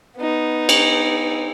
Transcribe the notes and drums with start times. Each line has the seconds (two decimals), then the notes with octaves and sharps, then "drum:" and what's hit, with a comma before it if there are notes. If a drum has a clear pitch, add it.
0.17 B3 D#4
0.69 drum: cymbal